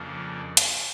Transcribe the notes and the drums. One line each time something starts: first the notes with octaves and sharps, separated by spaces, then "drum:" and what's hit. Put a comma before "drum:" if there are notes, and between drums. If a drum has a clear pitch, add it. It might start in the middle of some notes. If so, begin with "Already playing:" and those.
Already playing: F2 C#3 F3 A#3 D4
drum: hi-hat